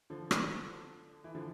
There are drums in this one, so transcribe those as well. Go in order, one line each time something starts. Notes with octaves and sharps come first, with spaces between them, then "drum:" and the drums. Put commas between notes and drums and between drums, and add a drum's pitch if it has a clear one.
D3 F3
drum: rim click
E3
D3 F3